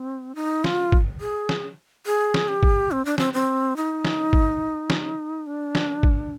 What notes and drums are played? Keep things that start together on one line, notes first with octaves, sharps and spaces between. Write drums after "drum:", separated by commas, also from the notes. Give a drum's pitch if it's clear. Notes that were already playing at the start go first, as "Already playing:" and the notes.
Already playing: C4
D#4
F4, drum: snare
drum: kick
G#4
drum: snare
G#4
drum: snare
G4
drum: kick
C4
D4
C4, drum: snare
C4
D#4
drum: snare
drum: kick
drum: snare
D4
drum: snare
drum: kick